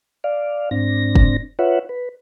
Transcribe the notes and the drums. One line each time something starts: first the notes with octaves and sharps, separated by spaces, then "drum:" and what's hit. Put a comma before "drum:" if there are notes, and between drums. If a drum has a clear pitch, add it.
D5 F5
G#2 C4 D4 A#6
drum: kick
F4 B4 C#5 E5 F#5
B4